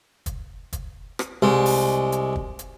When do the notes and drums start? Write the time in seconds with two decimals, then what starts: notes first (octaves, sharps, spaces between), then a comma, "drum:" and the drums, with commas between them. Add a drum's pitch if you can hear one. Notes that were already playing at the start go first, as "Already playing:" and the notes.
0.26 drum: kick, hi-hat
0.73 drum: kick, hi-hat
1.19 drum: rim click
1.42 C2 G#3
1.66 drum: open hi-hat
2.12 drum: hi-hat
2.36 drum: kick
2.59 drum: hi-hat